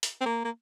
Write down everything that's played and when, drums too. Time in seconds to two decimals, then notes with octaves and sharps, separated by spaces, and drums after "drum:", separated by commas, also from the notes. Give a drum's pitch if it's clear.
0.03 drum: hi-hat
0.21 C4
0.26 A#3
0.45 A#3